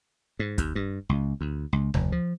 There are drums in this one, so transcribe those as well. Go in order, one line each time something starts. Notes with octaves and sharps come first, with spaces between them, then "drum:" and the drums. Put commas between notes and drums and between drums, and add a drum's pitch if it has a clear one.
G#2
D#2, drum: kick, hi-hat
G2
C#2
D2
C#2
F1, drum: tom D2
F3